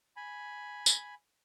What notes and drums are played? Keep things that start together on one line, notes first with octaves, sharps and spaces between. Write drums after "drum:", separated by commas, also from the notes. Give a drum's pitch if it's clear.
G#5 B5
drum: tambourine